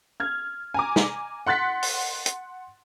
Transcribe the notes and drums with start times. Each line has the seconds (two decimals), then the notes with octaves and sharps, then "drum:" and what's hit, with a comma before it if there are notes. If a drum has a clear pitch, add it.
0.20 F6 G#6
0.74 G#5 A#5 D6
0.96 drum: snare
1.47 F#5 C6 F#6 A6 B6
1.83 drum: open hi-hat
2.26 drum: hi-hat